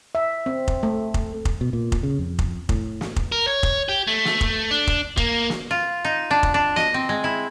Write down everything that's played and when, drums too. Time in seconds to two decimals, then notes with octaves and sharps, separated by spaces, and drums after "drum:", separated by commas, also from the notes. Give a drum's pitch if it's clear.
0.15 E5
0.46 C4
0.68 drum: kick F1
0.83 A3
1.14 drum: kick F1
1.45 drum: kick F1
1.61 B2
1.73 A#2
1.92 drum: kick F1
2.03 C#3
2.19 F2
2.39 drum: kick F1
2.69 A2, drum: kick F1
3.01 drum: snare
3.16 drum: kick F1
3.32 A#4
3.47 C#5
3.63 drum: kick F1
3.89 G4
4.07 A3
4.25 drum: snare
4.41 drum: kick F1
4.71 D4
4.87 drum: kick F1
5.17 A#3, drum: kick F1
5.50 drum: snare
5.71 F4
6.05 D#4
6.31 D4
6.43 drum: kick F1
6.54 D4
6.76 D#5, drum: snare
6.94 C4
7.09 G#3
7.24 E4